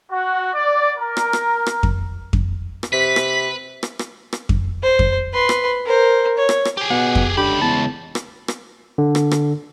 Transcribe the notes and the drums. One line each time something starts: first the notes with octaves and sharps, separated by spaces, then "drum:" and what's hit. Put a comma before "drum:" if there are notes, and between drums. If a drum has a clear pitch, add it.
F#4
D5
A#4
drum: rim click
drum: rim click
drum: rim click
drum: kick F2
drum: kick F2
drum: rim click
C3 B4 B6
drum: rim click
drum: rim click
drum: rim click
drum: rim click
drum: kick F2
C5
drum: kick F2
B4 C6
drum: rim click
A#4 C5
C#5
drum: rim click
drum: rim click
G4 G#4
B2 F#5
drum: kick F2
C#2 D3 G4 B5
E2 A5
drum: rim click
drum: rim click
D3
drum: rim click
drum: rim click